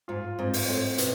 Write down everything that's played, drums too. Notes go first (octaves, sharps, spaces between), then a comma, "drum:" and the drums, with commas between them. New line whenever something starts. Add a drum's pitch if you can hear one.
G#2 F4
G#2 C4
drum: open hi-hat
A2 C4
B2, drum: hi-hat